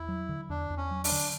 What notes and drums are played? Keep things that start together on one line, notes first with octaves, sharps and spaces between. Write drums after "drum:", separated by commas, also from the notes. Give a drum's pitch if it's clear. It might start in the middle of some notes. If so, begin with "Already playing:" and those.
Already playing: E2 E4
F#3
D3
E2 D4
E2
C#4
F#3
D4, drum: open hi-hat
D3